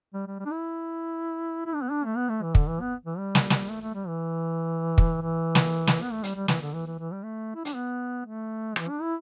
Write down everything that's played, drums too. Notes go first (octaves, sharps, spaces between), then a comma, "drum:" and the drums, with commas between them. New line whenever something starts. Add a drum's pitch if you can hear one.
G3
G3
G3
D4
E4
E4
D4
B3
D4
A3
B3
A3
E3
D3, drum: kick
E3
B3
E3
G3
drum: snare
drum: snare
A3
A3
G3
E3
drum: kick
E3
drum: snare
drum: snare
B3
A3
G3, drum: hi-hat
G3
E3, drum: snare
D3
E3
E3
E3
G3
A3
E4
D4, drum: hi-hat
B3
A3
E3, drum: rim click
D4
E4